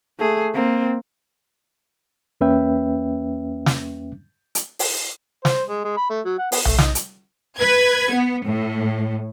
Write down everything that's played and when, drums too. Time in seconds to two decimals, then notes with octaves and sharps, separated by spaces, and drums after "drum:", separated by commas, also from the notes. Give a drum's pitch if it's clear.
0.19 A3 G#4
0.54 A#3 C4
2.41 E2 A#3 C#4 B4 E5 G5
3.66 drum: snare
4.55 drum: hi-hat
4.79 drum: open hi-hat
5.45 C5, drum: snare
5.68 G#3
5.84 G#3
5.97 B5
6.10 A3
6.26 F#3
6.39 F#5
6.52 B3, drum: open hi-hat
6.65 A3, drum: tom B1
6.78 D#4, drum: snare
6.95 drum: hi-hat
7.58 B4 G#6
8.13 B3
8.46 A2